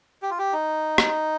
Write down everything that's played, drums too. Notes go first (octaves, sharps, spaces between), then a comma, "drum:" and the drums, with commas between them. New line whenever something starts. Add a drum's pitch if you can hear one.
G4
F4
G4
D#4
drum: rim click